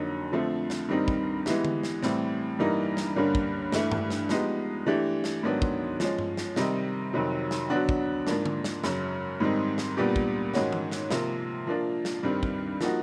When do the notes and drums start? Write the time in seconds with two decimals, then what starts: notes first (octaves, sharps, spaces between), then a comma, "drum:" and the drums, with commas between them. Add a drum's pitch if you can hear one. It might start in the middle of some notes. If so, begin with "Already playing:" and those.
Already playing: F2 D3 F#3 A#3 D#4
0.32 D3 F3 A3 C4
0.70 drum: snare
0.89 G2 D#3 G3 C4 D#4
1.08 drum: kick
1.46 E3 G#3 B3 E4 G4, drum: snare
1.65 drum: tom D3
1.83 drum: snare
2.02 A2 E3 G3 C4, drum: snare
2.59 G2 E3 G3 A#3 D#4
2.97 drum: snare
3.16 G2 D3 G3 A#3 C#4
3.35 drum: kick
3.72 G2 E3 A3, drum: snare
3.92 drum: tom G2
4.10 drum: snare
4.29 F3 G#3 B3 D#4 G4, drum: snare
4.86 E3 A3 D4 G4
5.24 drum: snare
5.43 G#2 D#3 F#3 B3 D4
5.62 drum: kick
6.00 F3 G#3 C#4, drum: snare
6.19 drum: tom G2
6.37 drum: snare
6.56 C3 D#3 G3 C4 D#4, drum: snare
7.13 F2 C3 D#3 F#3
7.51 drum: snare
7.70 D3 F#3 B3 D4 F#4
7.89 drum: kick
8.27 G#2 F3 A#3 D4, drum: snare
8.46 drum: tom D3
8.64 drum: snare
8.84 F#2 C#3 F#3, drum: snare
9.40 G#2 D#3 G3 C4 D#4
9.78 drum: snare
9.97 A#2 G3 B3 D4 G4
10.16 drum: kick
10.54 G#2 D#3 G#3 C#4 F#4, drum: snare
10.73 drum: tom E3
10.91 drum: snare
11.10 C3 F3 A#3, drum: snare
11.67 F3 A#3 D4 F4
12.05 drum: snare
12.23 G2 D#3 G3 C4
12.43 drum: kick
12.81 F3 A#3 D#4 F#4, drum: snare